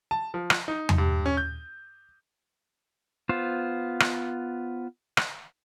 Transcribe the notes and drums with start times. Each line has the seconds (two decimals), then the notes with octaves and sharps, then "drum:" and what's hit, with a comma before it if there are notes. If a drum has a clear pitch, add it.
0.11 A5
0.34 F3
0.50 drum: rim click
0.68 D#4
0.89 drum: tom E2
0.98 G2
1.26 C#4
1.37 G6
3.29 B3 F4 C5
4.00 drum: rim click
5.17 drum: rim click